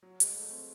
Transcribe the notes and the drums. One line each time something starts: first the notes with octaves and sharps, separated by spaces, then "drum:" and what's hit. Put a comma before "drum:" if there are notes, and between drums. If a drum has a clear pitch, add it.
F#3
G#3, drum: hi-hat
A3
C4